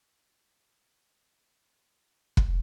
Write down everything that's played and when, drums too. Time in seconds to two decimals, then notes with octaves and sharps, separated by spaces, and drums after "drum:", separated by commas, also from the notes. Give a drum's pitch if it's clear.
0.14 F#2 B2 G#3 C#4 E4
0.43 F2
0.73 F2
1.03 F#2
1.33 C2 F2 C3 D#3
1.62 G2
1.92 A2
2.22 A#2
2.37 drum: kick